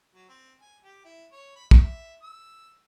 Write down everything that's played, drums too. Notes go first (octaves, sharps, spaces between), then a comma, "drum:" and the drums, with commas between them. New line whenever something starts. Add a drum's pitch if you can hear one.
F#3
C4
G#5
G4
E4
C#5
B5
E5, drum: kick
E6